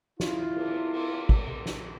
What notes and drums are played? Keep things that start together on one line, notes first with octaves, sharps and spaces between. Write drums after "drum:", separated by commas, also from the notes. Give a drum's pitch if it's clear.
E4 F4, drum: snare
drum: cymbal
drum: cymbal
drum: kick, cymbal
drum: tom C3
drum: snare